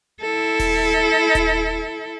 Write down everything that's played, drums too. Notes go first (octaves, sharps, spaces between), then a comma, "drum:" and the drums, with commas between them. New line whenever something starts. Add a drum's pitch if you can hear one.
E4 A4
drum: kick D#1, open hi-hat
drum: kick D#1, hi-hat